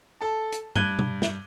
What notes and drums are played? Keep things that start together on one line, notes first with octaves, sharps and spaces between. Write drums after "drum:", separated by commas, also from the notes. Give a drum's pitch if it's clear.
A4 A5
drum: hi-hat
G2 F#6 G#6 D#7 G7, drum: tom G2
drum: tom B2
drum: snare